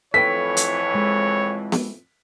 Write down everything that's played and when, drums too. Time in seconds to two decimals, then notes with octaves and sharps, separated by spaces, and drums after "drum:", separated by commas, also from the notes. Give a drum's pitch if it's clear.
0.14 F2 A2 E3 A4 B4 C#5 G5 B6
0.57 drum: hi-hat
0.95 G#3
1.72 drum: snare B3